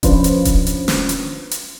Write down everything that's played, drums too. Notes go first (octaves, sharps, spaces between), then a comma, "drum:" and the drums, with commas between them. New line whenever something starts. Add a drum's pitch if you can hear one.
F3 C#4 D4 F4 B4 C5, drum: kick D#1, hi-hat
drum: hi-hat
drum: kick D#1, hi-hat
drum: hi-hat
drum: snare
drum: hi-hat
drum: hi-hat